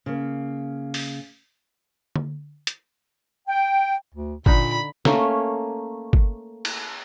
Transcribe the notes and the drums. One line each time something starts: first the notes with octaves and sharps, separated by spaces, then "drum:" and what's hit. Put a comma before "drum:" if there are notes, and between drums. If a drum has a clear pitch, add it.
C#3 A#3
drum: open hi-hat
drum: tom D3
drum: hi-hat
G5
D2
A#2 D3 D#4 B5, drum: kick G1
A3 A#3 C#4, drum: snare
drum: kick G1
drum: cymbal